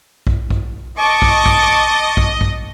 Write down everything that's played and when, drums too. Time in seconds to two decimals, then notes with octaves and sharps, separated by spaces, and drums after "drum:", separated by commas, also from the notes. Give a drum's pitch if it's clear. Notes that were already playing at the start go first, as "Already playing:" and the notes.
0.27 drum: kick A#1
0.50 drum: kick A#1
0.98 D#5 A5 C#6 D6
1.22 drum: kick A#1
1.46 drum: kick A#1
2.17 drum: kick A#1
2.41 drum: kick A#1